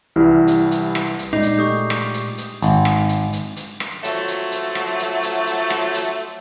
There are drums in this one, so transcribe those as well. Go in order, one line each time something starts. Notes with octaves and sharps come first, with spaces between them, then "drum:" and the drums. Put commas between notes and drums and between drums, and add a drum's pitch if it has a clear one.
C2 E3 G3 E4 F6
drum: hi-hat
drum: hi-hat
drum: rim click
drum: hi-hat
A#2 G#3 D#4 D5 D6 C7
drum: hi-hat
A3 G4 C#6 D#6 G6
drum: rim click
drum: hi-hat
drum: hi-hat
G#1, drum: hi-hat
drum: rim click
drum: hi-hat
drum: hi-hat
drum: hi-hat
drum: rim click
F3 F#3 A3, drum: hi-hat
drum: hi-hat
drum: hi-hat
drum: rim click
drum: hi-hat
drum: hi-hat
drum: hi-hat
drum: rim click
drum: hi-hat